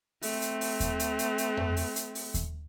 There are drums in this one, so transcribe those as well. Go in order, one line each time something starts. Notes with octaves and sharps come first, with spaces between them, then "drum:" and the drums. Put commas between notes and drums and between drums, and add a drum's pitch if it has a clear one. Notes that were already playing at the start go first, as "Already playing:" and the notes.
A3 C4, drum: open hi-hat
drum: hi-hat
drum: open hi-hat
drum: kick D#2, hi-hat
drum: hi-hat
drum: hi-hat
drum: hi-hat
drum: tom F2
drum: open hi-hat
drum: hi-hat
drum: open hi-hat
drum: kick D#2, hi-hat